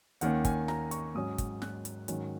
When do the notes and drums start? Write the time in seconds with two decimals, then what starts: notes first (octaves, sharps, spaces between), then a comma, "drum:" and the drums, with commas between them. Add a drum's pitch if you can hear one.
0.21 D#2 D#3 A#3 C#4 F#5, drum: hi-hat
0.45 G#5, drum: kick, hi-hat
0.68 A#5, drum: snare
0.91 C#6, drum: hi-hat
1.15 G#2 F#3 C#4 D#6
1.38 drum: kick, hi-hat
1.62 F#6, drum: snare
1.85 drum: hi-hat
2.08 G#2 D#3 F#3 C#4, drum: hi-hat